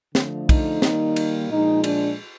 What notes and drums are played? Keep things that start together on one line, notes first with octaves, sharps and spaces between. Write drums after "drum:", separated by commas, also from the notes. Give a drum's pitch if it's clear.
D3 F3 A3, drum: snare
D#4, drum: kick, cymbal
D#3 G3 A#3, drum: snare
drum: cymbal
A#2 F3 G#3 D#4
D4, drum: cymbal